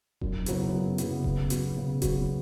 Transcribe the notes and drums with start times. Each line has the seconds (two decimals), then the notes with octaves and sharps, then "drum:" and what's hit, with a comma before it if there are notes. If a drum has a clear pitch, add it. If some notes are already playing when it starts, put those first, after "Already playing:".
0.21 F#2, drum: kick D#1
0.46 C#3 F#3 B3 E4, drum: hi-hat
0.73 F#2
0.98 C#3 F#3 B3 E4, drum: hi-hat
1.24 C#3, drum: kick D#1
1.50 F#3 B3 F#4, drum: hi-hat
1.77 C#3
2.02 F#3 B3 F#4, drum: kick D#1, hi-hat